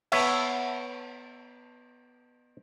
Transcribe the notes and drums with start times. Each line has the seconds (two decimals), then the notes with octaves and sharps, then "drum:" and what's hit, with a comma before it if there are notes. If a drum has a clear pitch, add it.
0.12 B3 C#5 E5, drum: cymbal